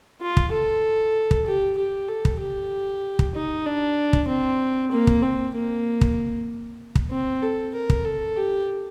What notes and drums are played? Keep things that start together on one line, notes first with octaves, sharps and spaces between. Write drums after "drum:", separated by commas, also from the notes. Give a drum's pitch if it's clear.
F4
drum: kick
A4
drum: kick
G4
G4
A4
drum: kick
G4
drum: kick
D#4
D4
drum: kick
C4
A#3
drum: kick
C4
A#3
drum: kick
drum: kick
C4
A4
A#4
drum: kick
A4
G4